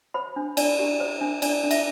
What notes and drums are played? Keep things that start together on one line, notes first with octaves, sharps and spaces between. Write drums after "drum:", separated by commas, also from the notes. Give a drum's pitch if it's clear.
C5 B5
D4
D4 D5, drum: cymbal
G4
C5
D4
D4 D5, drum: cymbal
D4
E5, drum: cymbal